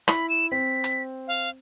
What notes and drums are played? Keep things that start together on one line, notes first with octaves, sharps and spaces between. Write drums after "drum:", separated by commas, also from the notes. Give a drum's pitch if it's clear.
E4 B5, drum: rim click
E7
C4 B6
drum: hi-hat
F5